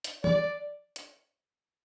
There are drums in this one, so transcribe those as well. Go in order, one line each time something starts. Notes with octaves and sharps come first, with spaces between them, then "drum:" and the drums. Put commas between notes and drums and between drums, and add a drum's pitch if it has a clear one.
drum: hi-hat
D5, drum: tom E3
drum: hi-hat